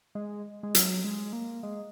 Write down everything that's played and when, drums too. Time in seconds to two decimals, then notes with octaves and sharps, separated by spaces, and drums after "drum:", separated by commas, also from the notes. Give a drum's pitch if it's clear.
0.15 G#3
0.63 G#3
0.75 F#3, drum: hi-hat
1.04 G#3
1.33 A#3
1.63 G#3